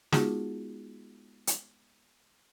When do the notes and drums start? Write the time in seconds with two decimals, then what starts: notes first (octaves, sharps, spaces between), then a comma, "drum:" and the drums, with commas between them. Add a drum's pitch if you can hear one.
0.12 G#3 B3 D#4 F4 F#4 G#4, drum: snare
1.47 drum: hi-hat